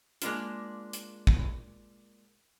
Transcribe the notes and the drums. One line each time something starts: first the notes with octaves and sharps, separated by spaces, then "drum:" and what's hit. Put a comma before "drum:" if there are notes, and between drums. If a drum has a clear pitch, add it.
G#3 A#3 D4 E4 F4, drum: hi-hat
drum: hi-hat
drum: kick